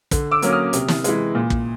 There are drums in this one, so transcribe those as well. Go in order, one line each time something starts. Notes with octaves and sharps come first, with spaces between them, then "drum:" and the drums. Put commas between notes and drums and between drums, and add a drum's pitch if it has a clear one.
D3, drum: kick, hi-hat
D6 E6
F#3 A#3 C#4, drum: hi-hat
D#6 F6
C3, drum: hi-hat
drum: snare
E3 G#3, drum: hi-hat
A#2
drum: kick